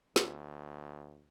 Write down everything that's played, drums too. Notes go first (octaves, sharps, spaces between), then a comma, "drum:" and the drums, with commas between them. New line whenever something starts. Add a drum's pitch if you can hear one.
D2, drum: snare